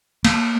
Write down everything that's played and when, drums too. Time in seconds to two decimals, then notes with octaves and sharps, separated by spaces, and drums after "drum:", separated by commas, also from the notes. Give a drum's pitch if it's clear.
0.25 A#3, drum: cymbal